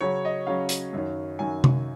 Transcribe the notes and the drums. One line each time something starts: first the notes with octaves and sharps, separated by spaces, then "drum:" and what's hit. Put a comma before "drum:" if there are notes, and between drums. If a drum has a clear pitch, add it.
C#3 F#3 C#4 C#5
D#5
C#3 F#3 C#4 F5
drum: hi-hat
F#2 D#3 F#3 C#4
F#2 D#3 F#3 C#4 G#5
drum: tom C3